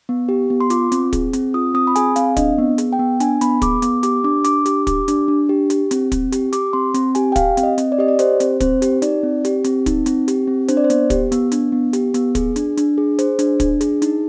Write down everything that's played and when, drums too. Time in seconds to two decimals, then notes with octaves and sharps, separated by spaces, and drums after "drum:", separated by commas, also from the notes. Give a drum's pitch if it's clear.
0.09 B3
0.29 G4
0.50 B3
0.60 C6
0.70 F4 D6, drum: hi-hat
0.92 C4, drum: hi-hat
1.13 G#4, drum: kick, hi-hat
1.33 C4, drum: hi-hat
1.54 F4 D#6
1.74 C4 D#6
1.87 B5
1.96 G#4 G#5, drum: hi-hat
2.16 C4 F5, drum: hi-hat
2.37 D4 D#5, drum: kick, hi-hat
2.59 B3
2.78 G#4, drum: hi-hat
2.93 G5
2.99 B3
3.20 D4 G#5, drum: hi-hat
3.41 B3 B5, drum: hi-hat
3.62 G#4 D6, drum: kick, hi-hat
3.82 B3 D6, drum: hi-hat
4.03 G4 D6, drum: hi-hat
4.24 D4 D6
4.44 D4 D6, drum: hi-hat
4.66 G4, drum: hi-hat
4.87 G4 D6, drum: kick, hi-hat
5.08 D4, drum: hi-hat
5.28 D4
5.49 G4
5.70 G4, drum: hi-hat
5.91 C4, drum: hi-hat
6.12 C4, drum: kick, hi-hat
6.32 G4, drum: hi-hat
6.53 G4 D6, drum: hi-hat
6.73 C4 C6
6.94 C4, drum: hi-hat
7.15 G4 G#5, drum: hi-hat
7.32 G5
7.36 G4 F5, drum: kick, hi-hat
7.57 C4, drum: hi-hat
7.63 D#5
7.78 C4, drum: hi-hat
7.92 D5
7.98 G4 D#5
8.08 D5
8.19 G4 C5, drum: hi-hat
8.40 C4, drum: hi-hat
8.60 C4 C5, drum: kick, hi-hat
8.82 G4, drum: hi-hat
9.02 D#4 D5, drum: hi-hat
9.23 C4
9.45 G4, drum: hi-hat
9.64 C4, drum: hi-hat
9.86 D#4, drum: kick, hi-hat
10.06 C4, drum: hi-hat
10.28 G4, drum: hi-hat
10.48 C4
10.68 D4 C5, drum: hi-hat
10.77 D5
10.84 C5
10.90 B3, drum: hi-hat
11.10 G4, drum: kick, hi-hat
11.32 B3, drum: hi-hat
11.52 D4, drum: hi-hat
11.72 B3
11.93 G4, drum: hi-hat
12.14 B3, drum: hi-hat
12.35 G#4, drum: kick, hi-hat
12.56 D4, drum: hi-hat
12.77 D4, drum: hi-hat
12.98 G#4
13.19 G#4 C5, drum: hi-hat
13.39 D4, drum: hi-hat
13.60 D4, drum: kick, hi-hat
13.81 G#4, drum: hi-hat
14.02 D#4, drum: hi-hat